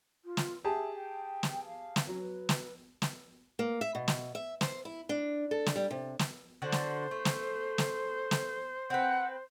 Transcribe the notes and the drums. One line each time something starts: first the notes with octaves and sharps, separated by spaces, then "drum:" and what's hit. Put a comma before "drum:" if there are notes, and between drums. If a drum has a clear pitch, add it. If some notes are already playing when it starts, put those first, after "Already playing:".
F4
drum: snare
G4 G#4 E5 A5
G5
drum: snare
F5
drum: snare
F#3 C#4
B4
drum: snare
drum: snare
A#3
E5
B2
drum: snare
E5
C5, drum: snare
E4
D4
A4
drum: snare
G3
C3
drum: snare
D3 D4 F#4 C5
drum: snare
A3
drum: snare
drum: snare
drum: snare
C4 B4 F#5